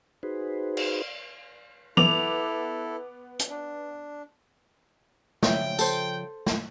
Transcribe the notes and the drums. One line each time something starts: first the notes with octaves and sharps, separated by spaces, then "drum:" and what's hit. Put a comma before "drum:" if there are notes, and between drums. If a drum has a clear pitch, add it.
D#4 F#4 G#4 B4 C5
drum: cymbal
B3 E4 A4 D6 F7, drum: tom E3
drum: hi-hat
D4
C#3 F3 E5 G5, drum: snare
A4 C5, drum: tambourine
drum: snare